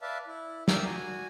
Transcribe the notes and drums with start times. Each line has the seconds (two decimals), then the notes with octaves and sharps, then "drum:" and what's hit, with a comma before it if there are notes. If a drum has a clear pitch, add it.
0.02 B4 D5 E5 F5 A5
0.27 E4
0.68 A#4 D5 E5 G5 D#6 E6, drum: snare
0.85 F#4 G#5